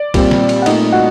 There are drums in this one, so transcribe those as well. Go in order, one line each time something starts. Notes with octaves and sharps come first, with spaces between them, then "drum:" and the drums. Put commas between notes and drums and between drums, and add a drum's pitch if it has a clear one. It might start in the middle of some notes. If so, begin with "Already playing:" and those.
Already playing: D5
A#2 G3 C4, drum: kick B1, cymbal
drum: snare
drum: cymbal
F#5
A#2 A3 C4 D#4 D#5, drum: cymbal
F#4 F#5